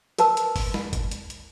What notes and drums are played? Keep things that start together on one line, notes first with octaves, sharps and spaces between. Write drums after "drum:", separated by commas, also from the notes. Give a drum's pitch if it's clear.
A#4 B4 A5 E6, drum: hi-hat
drum: hi-hat
drum: kick, open hi-hat
drum: snare
drum: kick, hi-hat
drum: hi-hat
drum: hi-hat